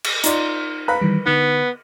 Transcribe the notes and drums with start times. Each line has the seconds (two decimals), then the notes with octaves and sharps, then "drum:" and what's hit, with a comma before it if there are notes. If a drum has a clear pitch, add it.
0.04 drum: cymbal
0.24 D#4 F4 D5, drum: hi-hat
0.88 B4 F5 A#5 B5 F#6
1.02 D#3 E3 G3
1.26 D3 B3 D#4